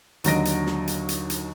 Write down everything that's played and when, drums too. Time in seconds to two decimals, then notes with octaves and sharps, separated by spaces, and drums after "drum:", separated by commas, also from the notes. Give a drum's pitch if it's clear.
0.24 D#2 D3 F#3 D#5 A#6 D7, drum: hi-hat
0.45 drum: hi-hat
0.66 drum: snare
0.87 drum: hi-hat
1.09 drum: hi-hat
1.30 drum: hi-hat